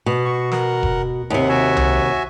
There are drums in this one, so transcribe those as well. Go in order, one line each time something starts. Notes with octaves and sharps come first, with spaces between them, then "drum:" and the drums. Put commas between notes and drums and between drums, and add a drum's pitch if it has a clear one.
B2
F#4 C#6
A#4 F#5, drum: snare
drum: kick E1
D#2 C3 F#5
F#4 E5 G#5
drum: tom C2